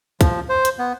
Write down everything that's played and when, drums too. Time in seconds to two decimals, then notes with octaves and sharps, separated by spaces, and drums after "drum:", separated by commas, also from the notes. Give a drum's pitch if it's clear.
0.21 F3, drum: kick, hi-hat
0.49 C5
0.65 drum: hi-hat
0.79 B3